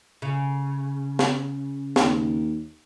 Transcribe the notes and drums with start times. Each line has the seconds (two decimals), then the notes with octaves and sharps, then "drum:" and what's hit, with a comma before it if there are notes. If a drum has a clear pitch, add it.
0.22 C#3
1.19 drum: snare
1.96 D#2, drum: snare